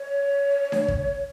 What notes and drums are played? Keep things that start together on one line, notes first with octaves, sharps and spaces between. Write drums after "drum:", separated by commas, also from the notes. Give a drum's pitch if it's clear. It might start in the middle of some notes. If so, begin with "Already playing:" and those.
Already playing: C#5
drum: snare D4
drum: kick